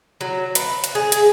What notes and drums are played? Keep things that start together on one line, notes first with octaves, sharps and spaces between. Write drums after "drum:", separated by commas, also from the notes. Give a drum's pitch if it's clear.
F#3
B4, drum: hi-hat
drum: hi-hat
G#4
drum: hi-hat